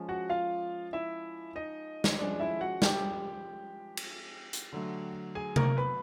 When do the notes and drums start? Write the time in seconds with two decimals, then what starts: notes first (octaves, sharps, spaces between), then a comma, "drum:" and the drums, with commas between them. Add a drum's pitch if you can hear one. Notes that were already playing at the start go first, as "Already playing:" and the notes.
Already playing: F3 G#3 C#4
0.09 F#4 F#5
0.29 F4 F5
0.93 E4 E5
1.55 D#4 D#5
2.04 drum: snare
2.19 F3 G#3 C#4 D4 D5
2.40 E4 E5
2.61 F#4 F#5
2.82 G4 G5, drum: snare
3.97 drum: cymbal
4.53 drum: hi-hat
4.72 D3 F#3 A3
5.35 G#4 G#5
5.56 A#4 A#5, drum: tom C3
5.77 B4 B5